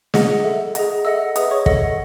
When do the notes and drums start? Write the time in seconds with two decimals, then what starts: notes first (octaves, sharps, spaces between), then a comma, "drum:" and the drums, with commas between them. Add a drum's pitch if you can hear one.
0.14 G#4 D#5 F#5, drum: snare
0.44 A4 E5
0.75 G#4 D#5 F#5, drum: hi-hat
1.05 A4 D#5 E5 F#5 E6
1.36 G#4 B4 D#5 E5 D#6, drum: hi-hat
1.51 C#5 C#6
1.66 A4 D#5 F#5, drum: kick